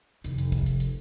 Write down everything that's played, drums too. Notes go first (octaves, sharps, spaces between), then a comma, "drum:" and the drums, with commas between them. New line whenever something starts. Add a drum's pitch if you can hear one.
F1 D#3, drum: hi-hat
drum: hi-hat
drum: kick, hi-hat
drum: hi-hat
drum: hi-hat